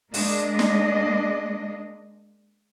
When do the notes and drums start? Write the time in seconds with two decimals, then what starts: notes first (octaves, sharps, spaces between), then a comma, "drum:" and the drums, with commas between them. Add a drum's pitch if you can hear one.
0.14 G#3 A#3 D4 D#5, drum: open hi-hat
0.59 drum: snare